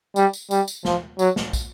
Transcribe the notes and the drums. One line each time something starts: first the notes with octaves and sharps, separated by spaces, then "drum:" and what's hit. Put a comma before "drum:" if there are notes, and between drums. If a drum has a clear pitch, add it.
G3, drum: tambourine
drum: tambourine
G3, drum: tambourine
drum: tambourine
F3, drum: snare
F#3, drum: tambourine
drum: snare
drum: kick, tambourine